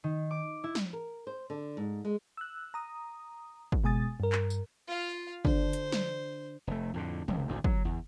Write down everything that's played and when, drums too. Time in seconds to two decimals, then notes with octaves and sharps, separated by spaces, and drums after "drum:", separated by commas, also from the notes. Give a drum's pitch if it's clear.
0.04 D#3
0.31 D6
0.64 E4
0.75 drum: snare
0.93 A#4
1.27 C5
1.50 D3
1.77 G#2
2.05 G#3
2.37 E6 F#6
2.74 A#5 D#6
3.72 drum: kick
3.84 B2 G#3 G#5 D#6 A6
4.20 G2 A#4
4.32 drum: clap
4.50 drum: tambourine
4.88 F4 F5
5.45 D3 D4 C5, drum: kick
5.73 drum: hi-hat
5.92 drum: snare
6.67 F1 A3
6.94 F2 A2 D3
7.28 F1 C#2, drum: tom
7.48 G#1 D2 A2
7.64 F#3, drum: kick
7.85 E2